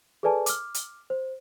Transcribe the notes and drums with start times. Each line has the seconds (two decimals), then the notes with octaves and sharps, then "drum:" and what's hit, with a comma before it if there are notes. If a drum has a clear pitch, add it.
0.23 G#4 A4 B4 D5 G#5 A5
0.46 D6 F6, drum: hi-hat
0.74 drum: hi-hat
1.10 C5